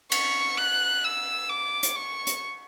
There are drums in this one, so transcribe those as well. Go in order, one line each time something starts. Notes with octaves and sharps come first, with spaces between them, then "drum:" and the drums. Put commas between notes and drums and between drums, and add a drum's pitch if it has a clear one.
C#6, drum: cymbal
F#6
E6
D6
drum: hi-hat
C#6
drum: hi-hat